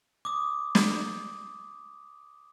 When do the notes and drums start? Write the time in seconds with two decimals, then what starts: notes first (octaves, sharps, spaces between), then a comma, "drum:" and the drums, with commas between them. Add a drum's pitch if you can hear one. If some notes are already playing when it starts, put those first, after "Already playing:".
0.25 D6 D#6
0.75 drum: snare